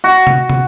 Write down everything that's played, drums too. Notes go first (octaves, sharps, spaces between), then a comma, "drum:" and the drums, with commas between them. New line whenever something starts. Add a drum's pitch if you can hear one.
F#4
drum: tom
drum: tom